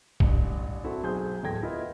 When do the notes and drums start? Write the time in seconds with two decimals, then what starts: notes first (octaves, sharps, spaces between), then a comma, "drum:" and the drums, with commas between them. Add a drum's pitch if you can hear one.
0.20 A1 G2, drum: kick A#1
0.84 C4 E4 F#4 A4
1.03 B1 G#4 C5 G#5 C6 G6
1.43 D1 E2 A3 G5 G#6 A#6
1.62 B3 E4 F4 A#4 D#5